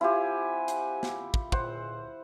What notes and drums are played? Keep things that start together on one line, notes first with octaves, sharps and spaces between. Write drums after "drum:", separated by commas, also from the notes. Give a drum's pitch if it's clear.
C4 E4 F4 G4 F#5 G#5
drum: hi-hat
drum: snare
drum: kick
C#2 A#2 C5 F#5, drum: kick